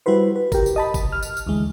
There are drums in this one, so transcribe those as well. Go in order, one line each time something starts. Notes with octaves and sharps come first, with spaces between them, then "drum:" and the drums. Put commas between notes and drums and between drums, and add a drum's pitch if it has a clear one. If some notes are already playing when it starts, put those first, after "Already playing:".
G3 E4 F#4 B4 C5
B4
G4 A#4, drum: kick G1, tambourine
drum: tambourine
D#5 A5 B5
drum: kick G1, tambourine
F6
drum: tambourine
drum: tambourine
D2 E3 G#3